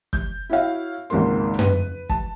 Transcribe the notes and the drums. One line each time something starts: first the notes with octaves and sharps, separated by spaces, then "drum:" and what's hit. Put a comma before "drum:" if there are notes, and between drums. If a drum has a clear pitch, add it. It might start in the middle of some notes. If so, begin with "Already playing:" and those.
G6, drum: kick
E4 F#4 C#5 F5
G#1 C#2 G#2 D#3 A#3 C6
B4, drum: tom
A5, drum: kick